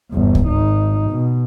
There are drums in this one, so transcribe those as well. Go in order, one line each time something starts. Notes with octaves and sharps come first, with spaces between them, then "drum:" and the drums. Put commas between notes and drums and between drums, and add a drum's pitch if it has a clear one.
G1 E2
drum: kick C#2
G#1 D#4
B2